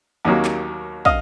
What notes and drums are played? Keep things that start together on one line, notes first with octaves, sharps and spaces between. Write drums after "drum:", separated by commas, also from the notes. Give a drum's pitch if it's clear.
D#2 D#3 F#3 A#3
drum: clap
D#5 F5, drum: kick